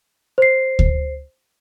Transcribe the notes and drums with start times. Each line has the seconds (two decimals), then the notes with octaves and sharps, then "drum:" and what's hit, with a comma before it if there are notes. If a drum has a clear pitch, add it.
0.38 C5 C7
0.79 drum: kick D2